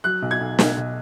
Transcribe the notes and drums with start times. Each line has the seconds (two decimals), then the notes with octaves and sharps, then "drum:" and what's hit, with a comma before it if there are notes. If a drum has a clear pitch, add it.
0.04 F#3 F#6
0.22 B1
0.31 G#6
0.41 B1
0.59 B1, drum: snare
0.77 B1